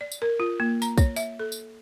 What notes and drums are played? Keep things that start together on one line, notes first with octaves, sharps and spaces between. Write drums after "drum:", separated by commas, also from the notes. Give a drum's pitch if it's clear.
D5
drum: tambourine
A#4
F4
A#3
A#5, drum: tambourine
C#5, drum: kick, tambourine
E5, drum: tambourine
A4
drum: tambourine